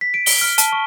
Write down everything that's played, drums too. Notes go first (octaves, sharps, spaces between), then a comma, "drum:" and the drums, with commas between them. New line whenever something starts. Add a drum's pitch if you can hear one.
B6
D7
G7, drum: open hi-hat
F6
A5, drum: hi-hat
C#6